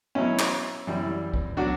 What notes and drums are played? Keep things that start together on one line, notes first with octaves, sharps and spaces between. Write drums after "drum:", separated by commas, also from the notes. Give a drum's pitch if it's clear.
B2 F#3 C#4 E4
drum: clap
F#2 E3 G3
drum: kick B1
F#3 D4 F#4